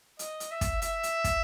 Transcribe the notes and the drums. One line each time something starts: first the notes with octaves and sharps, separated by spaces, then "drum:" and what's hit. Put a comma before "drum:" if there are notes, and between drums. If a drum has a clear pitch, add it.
D#5, drum: hi-hat
drum: hi-hat
E5
drum: kick, hi-hat
E5, drum: hi-hat
drum: hi-hat
drum: kick, hi-hat